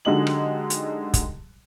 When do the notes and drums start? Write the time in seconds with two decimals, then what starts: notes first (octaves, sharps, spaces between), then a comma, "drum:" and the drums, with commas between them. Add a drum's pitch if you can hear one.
0.05 D3 F#3 G#3 D#4 G4 F#7
0.27 drum: rim click
0.70 drum: hi-hat
1.14 drum: kick, hi-hat